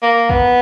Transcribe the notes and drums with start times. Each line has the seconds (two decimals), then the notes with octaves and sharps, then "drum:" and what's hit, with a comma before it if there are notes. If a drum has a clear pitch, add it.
0.02 A#3
0.30 B3, drum: kick